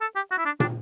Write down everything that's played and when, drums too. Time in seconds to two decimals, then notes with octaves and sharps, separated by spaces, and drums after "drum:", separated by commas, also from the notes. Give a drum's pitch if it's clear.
0.01 A4
0.16 G4
0.31 F#4
0.38 E4
0.45 D4
0.60 D4, drum: tom